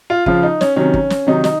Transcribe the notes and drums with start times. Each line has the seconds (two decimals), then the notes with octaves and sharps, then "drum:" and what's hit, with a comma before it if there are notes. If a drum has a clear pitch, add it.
0.10 F4
0.26 C#3 F3 F4, drum: kick
0.43 D#4
0.61 C#4, drum: snare
0.76 C3 D#3 F#3 C#4
0.94 drum: kick
1.10 drum: snare
1.26 C3 D#3 F#3 D#4
1.44 D#4, drum: snare